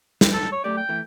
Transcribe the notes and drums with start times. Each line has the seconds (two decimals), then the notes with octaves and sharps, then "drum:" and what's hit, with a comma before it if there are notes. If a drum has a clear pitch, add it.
0.21 G#2 G3, drum: snare
0.34 A4
0.52 C#5
0.64 F#2 A3 G4 D5
0.77 G5
0.89 E3 A3 E4